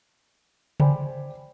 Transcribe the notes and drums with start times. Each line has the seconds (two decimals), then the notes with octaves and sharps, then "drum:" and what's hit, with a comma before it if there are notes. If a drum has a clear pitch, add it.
0.80 C5 D5 G5 G#5 B5, drum: tom C#3